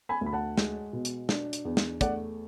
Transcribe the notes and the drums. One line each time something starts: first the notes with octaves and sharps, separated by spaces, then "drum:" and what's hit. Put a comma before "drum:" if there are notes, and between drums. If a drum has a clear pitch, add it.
G#5 B5
D2
B5
F#5 A5
G#3, drum: snare
B2
drum: hi-hat
D4, drum: snare
drum: hi-hat
E2
drum: snare
A3 D5 F#5, drum: kick, hi-hat